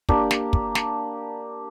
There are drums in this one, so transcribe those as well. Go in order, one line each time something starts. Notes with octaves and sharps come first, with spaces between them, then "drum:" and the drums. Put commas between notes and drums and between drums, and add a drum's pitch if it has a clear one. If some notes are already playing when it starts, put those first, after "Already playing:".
A#3 D4 G4, drum: kick
drum: snare
drum: kick
drum: snare